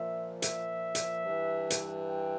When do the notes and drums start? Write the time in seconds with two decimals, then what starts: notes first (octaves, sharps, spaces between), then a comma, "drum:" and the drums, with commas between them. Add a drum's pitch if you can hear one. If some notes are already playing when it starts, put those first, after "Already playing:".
Already playing: A#2 F3 E5
0.42 E5, drum: hi-hat
0.95 drum: hi-hat
1.25 G2 E3
1.70 drum: hi-hat
2.08 G5